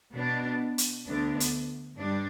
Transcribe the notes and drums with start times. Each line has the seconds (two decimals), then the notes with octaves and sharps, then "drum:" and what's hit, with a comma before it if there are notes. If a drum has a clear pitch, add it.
0.15 B2 B3 D4
0.78 drum: hi-hat
1.06 D2 D3 B3 D4
1.40 drum: hi-hat
1.97 G2 G3 D4